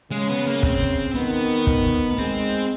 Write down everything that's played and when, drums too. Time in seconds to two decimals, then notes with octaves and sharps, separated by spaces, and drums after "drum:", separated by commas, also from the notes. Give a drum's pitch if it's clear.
0.11 C#3 G#3
0.29 B3
0.47 A#3
0.63 C4, drum: kick
1.15 D#3 B3
1.67 drum: kick
2.18 G#3 C4